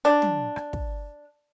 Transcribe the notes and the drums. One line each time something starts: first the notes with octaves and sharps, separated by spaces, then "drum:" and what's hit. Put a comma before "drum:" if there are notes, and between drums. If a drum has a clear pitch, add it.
D4
drum: tom
drum: rim click
drum: kick